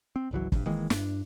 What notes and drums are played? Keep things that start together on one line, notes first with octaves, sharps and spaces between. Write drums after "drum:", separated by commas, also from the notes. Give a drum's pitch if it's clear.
C4
G#1 C#2 E3 F#3
A#1 G2, drum: kick F#1
D#3 E3 G#3 A#3
G2 D4, drum: snare